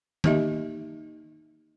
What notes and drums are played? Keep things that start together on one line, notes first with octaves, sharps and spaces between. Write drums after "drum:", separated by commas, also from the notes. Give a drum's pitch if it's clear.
A#3 D#4 G4 D#5 E5, drum: tom D#3